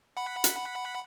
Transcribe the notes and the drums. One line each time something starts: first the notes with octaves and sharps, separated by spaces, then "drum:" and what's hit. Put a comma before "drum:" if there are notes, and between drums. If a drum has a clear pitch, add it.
F#5 B5
drum: hi-hat